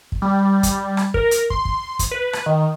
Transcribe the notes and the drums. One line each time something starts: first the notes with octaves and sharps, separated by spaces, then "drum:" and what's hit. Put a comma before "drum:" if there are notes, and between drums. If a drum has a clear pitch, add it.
drum: kick
G3
drum: kick, hi-hat
drum: rim click
A#4, drum: kick
drum: hi-hat
C6, drum: kick
drum: kick
drum: kick, hi-hat
B4
drum: rim click
D#3